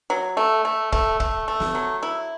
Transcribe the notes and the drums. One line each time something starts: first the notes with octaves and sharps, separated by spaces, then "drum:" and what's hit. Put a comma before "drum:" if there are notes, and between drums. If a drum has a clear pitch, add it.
F#3
A3
A3
A3, drum: kick
A3, drum: kick
A3
drum: snare
F#3
E4